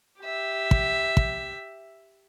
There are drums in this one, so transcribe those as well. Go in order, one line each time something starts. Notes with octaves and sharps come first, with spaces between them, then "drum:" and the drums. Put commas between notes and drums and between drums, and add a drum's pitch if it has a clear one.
G4 E5
drum: kick
drum: kick